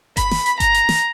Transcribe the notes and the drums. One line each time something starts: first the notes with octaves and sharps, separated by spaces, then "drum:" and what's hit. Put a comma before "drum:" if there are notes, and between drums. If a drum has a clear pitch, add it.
B5, drum: kick G1, hi-hat
drum: snare
drum: hi-hat
A#5, drum: kick G1, hi-hat
drum: hi-hat
drum: snare